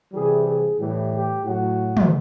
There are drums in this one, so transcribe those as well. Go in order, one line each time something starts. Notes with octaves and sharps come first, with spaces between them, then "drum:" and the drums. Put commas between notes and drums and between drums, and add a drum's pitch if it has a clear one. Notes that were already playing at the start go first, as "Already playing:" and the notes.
C3 E3 G3 G#4
G#4
A2 E3 G3 G4
G4
A2 F#3 F#4
drum: tom